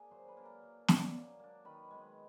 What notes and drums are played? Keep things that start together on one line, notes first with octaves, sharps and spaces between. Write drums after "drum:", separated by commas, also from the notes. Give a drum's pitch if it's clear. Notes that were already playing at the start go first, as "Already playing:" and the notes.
Already playing: A#3 D4 G#4 G#5
F#3 C5 C6
B4 B5
A#3 D4
A#4 A#5
F#3
A#3 D4, drum: snare
F#3
A#3 D4
D#3 B4 B5
G#3 B3